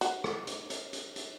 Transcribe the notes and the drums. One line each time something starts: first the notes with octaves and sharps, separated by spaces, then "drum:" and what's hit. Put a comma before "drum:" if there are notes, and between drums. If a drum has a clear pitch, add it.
F#4, drum: hi-hat
drum: rim click
drum: hi-hat
drum: hi-hat
drum: hi-hat
drum: hi-hat